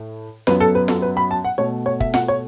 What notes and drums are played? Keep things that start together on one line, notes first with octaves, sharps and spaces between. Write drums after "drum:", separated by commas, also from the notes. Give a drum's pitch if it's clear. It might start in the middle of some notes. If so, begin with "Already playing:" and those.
Already playing: A2
F#2 F#3 B3 B4, drum: snare F4
A4
B4
A4, drum: snare F4
B4
B5
A5
F#5
B2 A3 C#5
C#5
E5, drum: kick
F#5, drum: snare F4
C#5